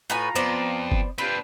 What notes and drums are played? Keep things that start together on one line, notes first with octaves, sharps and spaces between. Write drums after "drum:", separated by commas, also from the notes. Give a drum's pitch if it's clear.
A2 F4 B4 G#5 A#5
F2 B3 C5 D5
drum: kick F#1
C4 D4 F4 G4 B4 G6